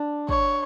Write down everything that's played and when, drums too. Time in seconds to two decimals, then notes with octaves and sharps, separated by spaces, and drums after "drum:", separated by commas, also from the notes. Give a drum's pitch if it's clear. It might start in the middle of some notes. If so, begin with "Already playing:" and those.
Already playing: D4
0.29 C#5, drum: kick